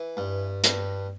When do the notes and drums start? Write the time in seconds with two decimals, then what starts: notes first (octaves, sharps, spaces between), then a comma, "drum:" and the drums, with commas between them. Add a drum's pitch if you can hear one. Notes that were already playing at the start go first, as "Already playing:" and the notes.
Already playing: E3
0.17 G2
0.64 G2, drum: hi-hat